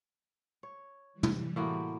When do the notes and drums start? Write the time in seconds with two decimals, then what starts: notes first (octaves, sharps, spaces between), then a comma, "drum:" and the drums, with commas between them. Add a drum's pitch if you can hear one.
0.63 C#5
1.13 E3 G3
1.23 drum: tom
1.56 A2 A#3 F#4